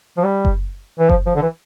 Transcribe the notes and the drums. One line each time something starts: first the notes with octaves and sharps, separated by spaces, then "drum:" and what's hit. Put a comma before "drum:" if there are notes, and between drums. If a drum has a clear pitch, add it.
F3
G3
drum: kick F#1
E3
F3, drum: kick F#1
F3
D3
E3